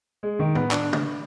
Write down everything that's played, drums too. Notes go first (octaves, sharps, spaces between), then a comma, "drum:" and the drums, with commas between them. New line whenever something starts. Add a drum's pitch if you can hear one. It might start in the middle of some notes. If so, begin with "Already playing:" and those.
G#3
D#3
B3, drum: tom A2
D4, drum: clap
drum: tom